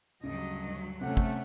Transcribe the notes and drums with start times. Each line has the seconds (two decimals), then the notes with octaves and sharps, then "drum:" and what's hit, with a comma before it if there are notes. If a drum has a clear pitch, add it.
0.24 D2 G2 C#3 F#3 D#5
1.01 C3 A3 C#4 F#5
1.17 drum: kick